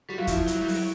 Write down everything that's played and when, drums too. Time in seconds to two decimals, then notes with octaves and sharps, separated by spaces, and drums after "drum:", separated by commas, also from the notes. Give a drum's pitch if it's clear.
0.09 G3 F#4
0.18 F#3 F4
0.27 F3 E4, drum: kick, hi-hat
0.47 F#3, drum: hi-hat
0.61 G3
0.68 F#3, drum: open hi-hat